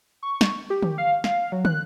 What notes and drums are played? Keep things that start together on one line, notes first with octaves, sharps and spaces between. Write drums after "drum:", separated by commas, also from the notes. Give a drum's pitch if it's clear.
C#6
drum: snare
G4
drum: tom D3
F5
F5, drum: snare
F#3
F#6, drum: tom